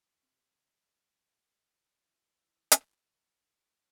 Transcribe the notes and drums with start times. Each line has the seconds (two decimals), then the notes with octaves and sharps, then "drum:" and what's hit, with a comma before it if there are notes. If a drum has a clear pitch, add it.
0.23 C3
2.05 E3 E4
2.72 drum: hi-hat